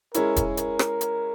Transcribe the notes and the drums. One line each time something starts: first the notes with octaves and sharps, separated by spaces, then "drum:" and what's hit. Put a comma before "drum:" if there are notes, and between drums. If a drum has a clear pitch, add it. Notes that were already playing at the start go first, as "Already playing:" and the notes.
G#3 C#4 E4 A#4, drum: hi-hat
drum: kick E1, hi-hat
A#4, drum: hi-hat
drum: rim click
drum: hi-hat